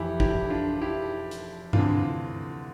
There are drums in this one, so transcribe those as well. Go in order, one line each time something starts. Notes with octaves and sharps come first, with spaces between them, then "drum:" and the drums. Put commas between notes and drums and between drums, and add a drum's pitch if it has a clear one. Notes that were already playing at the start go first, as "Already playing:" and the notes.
Already playing: F1 F2 E3 E4 G4
E4 G4, drum: kick
D4 F4
E4 G4
drum: hi-hat
D2 C3 E3 D4 F4, drum: tom G2